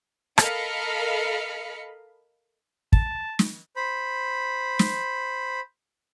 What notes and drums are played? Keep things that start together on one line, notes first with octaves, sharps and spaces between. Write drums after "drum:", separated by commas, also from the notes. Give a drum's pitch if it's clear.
A4 A#4 D#5 F5 B5 C#7, drum: rim click
A5, drum: kick
drum: snare
C5 B5
drum: snare